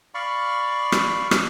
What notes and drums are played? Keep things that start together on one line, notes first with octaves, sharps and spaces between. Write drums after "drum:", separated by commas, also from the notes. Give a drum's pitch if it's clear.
D5 F5 B5 C#6
drum: rim click
drum: rim click